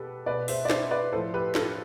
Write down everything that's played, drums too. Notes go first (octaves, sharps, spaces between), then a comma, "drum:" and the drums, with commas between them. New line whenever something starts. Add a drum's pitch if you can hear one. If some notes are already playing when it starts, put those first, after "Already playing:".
Already playing: B2 G4 A4 B4
B2 B4 D5
C5 E5, drum: open hi-hat
D5
C5 E5, drum: snare
B4 D5
A2 F3 A4 C5
G4 B4
F4 A4, drum: snare